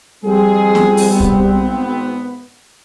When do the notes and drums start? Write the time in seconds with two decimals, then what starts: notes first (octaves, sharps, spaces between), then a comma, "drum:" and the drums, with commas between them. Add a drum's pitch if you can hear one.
0.24 F2 G3 C4 G#4
0.75 drum: snare B3
0.97 drum: open hi-hat
1.10 G#1 B3
1.20 drum: kick